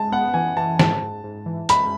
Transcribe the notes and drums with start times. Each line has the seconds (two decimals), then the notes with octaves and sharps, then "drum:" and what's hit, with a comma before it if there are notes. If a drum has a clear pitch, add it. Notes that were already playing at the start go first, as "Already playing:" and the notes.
Already playing: G#3 A5
0.12 B3 F#5
0.34 E3 G#5
0.57 E3 A5
0.79 G#2 A5, drum: snare
1.02 G#2
1.24 G#2
1.46 E3
1.69 G#3 B5, drum: hi-hat